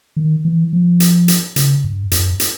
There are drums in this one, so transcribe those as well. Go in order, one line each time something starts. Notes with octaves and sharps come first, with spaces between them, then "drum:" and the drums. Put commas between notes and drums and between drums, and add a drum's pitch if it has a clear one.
D#3
E3
F3
drum: hi-hat
drum: hi-hat
C#3, drum: hi-hat
G2
F#2, drum: hi-hat
drum: hi-hat